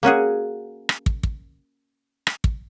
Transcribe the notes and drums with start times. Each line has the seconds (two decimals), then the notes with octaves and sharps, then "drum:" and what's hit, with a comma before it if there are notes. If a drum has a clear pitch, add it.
0.03 A#3 C#4 F#4 G#4
0.89 drum: rim click
1.06 drum: kick
1.23 drum: kick
2.27 drum: rim click
2.44 drum: kick